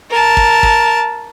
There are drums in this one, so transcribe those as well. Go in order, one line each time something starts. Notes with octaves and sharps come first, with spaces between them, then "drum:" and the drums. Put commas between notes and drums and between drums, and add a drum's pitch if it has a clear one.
A#4 A5
drum: kick
drum: kick